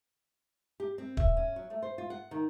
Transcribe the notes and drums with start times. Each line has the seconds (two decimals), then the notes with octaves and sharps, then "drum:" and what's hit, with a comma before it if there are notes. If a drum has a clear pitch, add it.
0.80 G4
0.98 C4
1.17 E5, drum: kick
1.37 C#4
1.56 F#3
1.70 A3
1.83 C5
1.98 F4
2.10 F#5
2.31 D#3